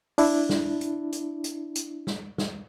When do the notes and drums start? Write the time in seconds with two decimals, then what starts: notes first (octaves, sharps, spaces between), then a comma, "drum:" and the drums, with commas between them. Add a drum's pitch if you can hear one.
0.18 D4 E4, drum: open hi-hat
0.49 drum: snare
0.81 drum: hi-hat
1.12 drum: hi-hat
1.44 drum: hi-hat
1.75 drum: hi-hat
2.07 drum: snare
2.38 drum: snare